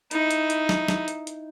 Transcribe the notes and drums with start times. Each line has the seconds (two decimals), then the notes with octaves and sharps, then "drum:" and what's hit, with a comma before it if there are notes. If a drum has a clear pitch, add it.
0.11 D#4 E4, drum: hi-hat
0.31 drum: hi-hat
0.50 drum: hi-hat
0.69 drum: snare
0.88 drum: snare
1.08 drum: hi-hat
1.27 drum: hi-hat